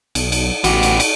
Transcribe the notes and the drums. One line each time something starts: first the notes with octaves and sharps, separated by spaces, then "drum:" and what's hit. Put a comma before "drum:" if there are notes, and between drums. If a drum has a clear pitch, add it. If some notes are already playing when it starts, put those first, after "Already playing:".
B1, drum: cymbal
drum: cymbal
A1 B3 F#4 G4, drum: cymbal
drum: cymbal
drum: cymbal